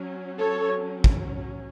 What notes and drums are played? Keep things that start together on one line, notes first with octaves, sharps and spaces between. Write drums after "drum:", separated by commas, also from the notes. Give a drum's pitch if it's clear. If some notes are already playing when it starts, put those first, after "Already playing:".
Already playing: F#3 C#4
A4 C#5
drum: kick